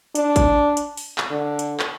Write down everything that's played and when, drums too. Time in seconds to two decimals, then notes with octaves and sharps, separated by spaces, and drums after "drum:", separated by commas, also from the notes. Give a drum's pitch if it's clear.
0.15 D4, drum: hi-hat
0.36 drum: kick, hi-hat
0.77 drum: hi-hat
0.97 drum: open hi-hat
1.18 drum: clap
1.31 D3
1.59 drum: hi-hat
1.80 drum: clap